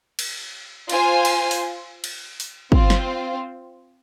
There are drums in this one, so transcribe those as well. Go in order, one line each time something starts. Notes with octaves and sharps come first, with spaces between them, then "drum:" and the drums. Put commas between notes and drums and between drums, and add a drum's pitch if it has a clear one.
drum: cymbal
F4 C5 G#5, drum: cymbal
drum: cymbal
drum: open hi-hat
drum: cymbal
drum: open hi-hat
C4 F4 C5, drum: kick
drum: snare